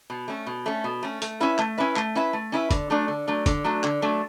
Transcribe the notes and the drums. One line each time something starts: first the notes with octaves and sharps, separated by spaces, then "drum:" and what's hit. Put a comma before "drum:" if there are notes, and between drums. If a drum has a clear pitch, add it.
B2
A3 C#4
B2
A3 C#4
B2
A3 C#4
A3, drum: hi-hat
C#4 E4 B4 E5
A3, drum: clap
C#4 E4 B4 E5
A3, drum: clap
C#4 E4 B4 E5
A3
C#4 E4 B4 E5
D3, drum: kick, hi-hat
F#3 A3 D4
D3
F#3 A3 D4
D3, drum: kick, hi-hat
F#3 A3 D4
D3, drum: clap
F#3 A3 D4